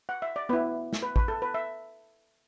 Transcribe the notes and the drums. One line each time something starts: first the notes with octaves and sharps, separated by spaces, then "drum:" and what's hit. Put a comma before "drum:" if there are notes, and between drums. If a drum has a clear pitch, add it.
F#5
E5
D5
B3 E4 B4
drum: snare
B4
B4, drum: kick
A4
B4
E5